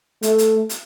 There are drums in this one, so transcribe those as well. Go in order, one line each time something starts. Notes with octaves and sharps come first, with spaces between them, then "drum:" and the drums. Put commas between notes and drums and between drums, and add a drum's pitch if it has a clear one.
A3, drum: hi-hat
drum: hi-hat
drum: hi-hat